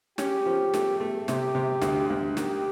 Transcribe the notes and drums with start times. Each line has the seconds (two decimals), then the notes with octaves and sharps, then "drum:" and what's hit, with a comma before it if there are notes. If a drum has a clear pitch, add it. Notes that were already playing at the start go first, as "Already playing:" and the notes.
0.18 C#4 G4, drum: snare
0.46 F3
0.74 A3, drum: snare
1.00 A3
1.28 C3 G4, drum: snare
1.55 C3
1.82 D2, drum: snare
2.10 D2
2.37 D#3 G4, drum: snare